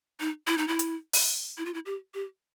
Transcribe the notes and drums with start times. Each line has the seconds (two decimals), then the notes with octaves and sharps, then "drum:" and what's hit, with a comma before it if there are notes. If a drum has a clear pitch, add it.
0.20 D#4
0.47 E4
0.58 D#4
0.68 E4
0.79 drum: hi-hat
1.13 drum: open hi-hat
1.58 E4
1.66 F4
1.74 E4
1.86 G4
2.14 G4